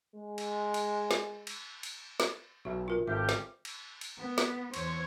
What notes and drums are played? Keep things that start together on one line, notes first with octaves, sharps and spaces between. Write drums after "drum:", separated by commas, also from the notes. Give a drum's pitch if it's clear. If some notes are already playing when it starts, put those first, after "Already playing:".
G#3
drum: cymbal
drum: cymbal
drum: snare
drum: cymbal
drum: cymbal
drum: snare
B1 F#4 E5
F4 A#4
G#1 C4 C#4 G4 A4 E5
drum: snare
drum: cymbal
drum: cymbal
B3
drum: snare
E2 C5 C#5 C#6 G#6, drum: cymbal